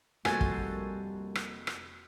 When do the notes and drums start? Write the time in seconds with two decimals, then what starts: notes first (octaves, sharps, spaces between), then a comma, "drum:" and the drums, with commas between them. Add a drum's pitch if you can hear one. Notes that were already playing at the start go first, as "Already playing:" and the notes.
0.25 F1 G3 A#3 F#4 A4 C5 G#5 A6, drum: rim click
0.41 drum: kick
1.35 drum: rim click
1.67 drum: rim click